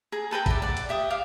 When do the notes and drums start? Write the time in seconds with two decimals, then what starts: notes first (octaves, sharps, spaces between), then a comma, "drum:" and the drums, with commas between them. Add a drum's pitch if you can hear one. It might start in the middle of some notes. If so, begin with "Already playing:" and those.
0.12 G#4 A#5
0.31 A4 B4 G5 A#5
0.46 D5 E5, drum: kick, hi-hat
0.62 D5 F#5
0.77 drum: hi-hat
0.89 G4 E5 D#6
1.10 F5 D6